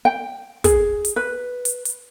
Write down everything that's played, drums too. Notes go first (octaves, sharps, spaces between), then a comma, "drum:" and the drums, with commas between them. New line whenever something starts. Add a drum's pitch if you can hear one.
G5
G#4, drum: kick, hi-hat
drum: hi-hat
B4
drum: hi-hat
drum: hi-hat